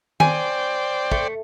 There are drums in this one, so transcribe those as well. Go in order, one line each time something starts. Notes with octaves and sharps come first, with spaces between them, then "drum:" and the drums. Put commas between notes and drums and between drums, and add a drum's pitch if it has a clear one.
C5 D5 G5 G#5, drum: tom D#3
A3, drum: kick